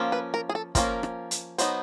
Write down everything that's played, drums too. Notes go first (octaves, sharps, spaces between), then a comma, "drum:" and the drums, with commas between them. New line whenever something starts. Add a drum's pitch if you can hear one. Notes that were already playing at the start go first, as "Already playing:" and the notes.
Already playing: F3 A#3 C#4
B4
A#4
G#4
A4
F3 A#3 C#4 A#4, drum: kick, hi-hat
drum: rim click
drum: hi-hat
F#3 B3 D#4 C5, drum: hi-hat